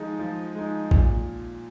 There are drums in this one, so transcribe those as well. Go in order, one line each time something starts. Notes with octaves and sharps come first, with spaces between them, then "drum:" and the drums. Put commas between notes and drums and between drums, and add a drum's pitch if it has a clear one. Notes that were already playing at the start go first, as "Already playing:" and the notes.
Already playing: F3 G#3 D#4
F3
G#3 D#4
A#2, drum: kick A1